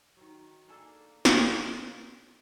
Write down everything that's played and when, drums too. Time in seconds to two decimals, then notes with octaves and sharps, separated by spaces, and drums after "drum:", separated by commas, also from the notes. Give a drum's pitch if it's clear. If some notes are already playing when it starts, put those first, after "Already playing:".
0.17 D#3 F#3
0.68 A#3 D4 G#4 A4
1.25 drum: snare